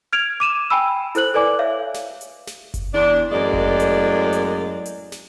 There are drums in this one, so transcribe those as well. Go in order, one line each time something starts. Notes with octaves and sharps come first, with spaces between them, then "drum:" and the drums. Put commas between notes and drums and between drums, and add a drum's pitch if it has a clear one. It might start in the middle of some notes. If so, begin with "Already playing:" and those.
F6 G#6 D7 F7
D6 D#7 E7
G5 G#5 B5 E6
E4 A4 C5 F#6 F#7, drum: hi-hat
A4 B4 D5 G#5 D6
C#5 E5 F5
drum: snare
drum: hi-hat
drum: snare
drum: kick F#1, hi-hat
E2 D4
F#2 A2 G#3 A#3 D5
drum: kick F#1
drum: hi-hat
drum: hi-hat
drum: hi-hat
drum: snare